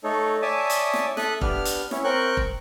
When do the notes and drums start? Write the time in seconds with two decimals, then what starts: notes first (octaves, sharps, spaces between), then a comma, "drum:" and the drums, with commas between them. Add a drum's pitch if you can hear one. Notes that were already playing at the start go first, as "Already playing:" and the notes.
0.04 A3 D#4 A4 C#5
0.42 C#5 D5 E5 G#5 A5 D#6
0.70 drum: hi-hat
0.94 drum: snare
1.17 A4 E5 D#6 F#6, drum: snare
1.41 B3 D4 G4 F6, drum: kick
1.65 drum: hi-hat
1.91 C#4 E4 C#5, drum: snare
2.04 C4 A#4 G5 C#6 F#6
2.37 drum: kick